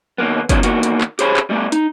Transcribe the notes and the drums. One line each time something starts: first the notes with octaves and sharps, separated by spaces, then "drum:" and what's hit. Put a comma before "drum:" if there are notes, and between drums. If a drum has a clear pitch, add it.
D#2 G#2 A#3 B3
E2 D3 D#3 F#3 B3 C#4, drum: kick, hi-hat
E2 D#3 A#3 F#4, drum: hi-hat
drum: hi-hat
drum: clap
G4 G#4 C5 C#5 B5, drum: hi-hat
drum: clap
G3 A3 B3
D#4, drum: hi-hat